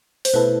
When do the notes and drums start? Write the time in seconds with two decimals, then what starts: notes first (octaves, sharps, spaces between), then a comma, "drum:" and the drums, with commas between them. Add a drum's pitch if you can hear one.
0.25 C5, drum: open hi-hat
0.33 B2 A3 E4 A4 B4